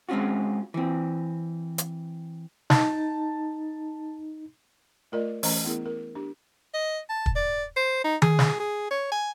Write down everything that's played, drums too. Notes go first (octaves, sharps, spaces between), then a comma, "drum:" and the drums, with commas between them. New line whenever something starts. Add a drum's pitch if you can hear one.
G#3 C4 C#4 F4 F#4
E3 C4
drum: hi-hat
D#4 A5, drum: snare
A3 F4 A#4 D5 D#5
E3 A3 C#4 C5 D#5 A#5, drum: open hi-hat
B3 E4 G#4 A#4
A#4
D4 G4
D#5
A5
drum: kick
D5
C5
D#4
G#4, drum: tom D#3
drum: snare
G#4
C#5
G#5